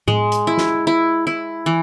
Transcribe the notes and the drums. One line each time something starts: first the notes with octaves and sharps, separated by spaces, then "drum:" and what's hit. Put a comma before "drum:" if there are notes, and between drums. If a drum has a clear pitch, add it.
G#3, drum: tom A2
drum: hi-hat
E4
drum: snare
E4
E4
E3